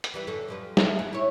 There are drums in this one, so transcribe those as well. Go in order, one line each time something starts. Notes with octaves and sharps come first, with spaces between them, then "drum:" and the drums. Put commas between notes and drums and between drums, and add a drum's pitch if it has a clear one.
drum: hi-hat
E3 G3 B3
F#2 D3 A4
F3 G3 B4
E4 G#4, drum: snare
F2 E4
E4 C#5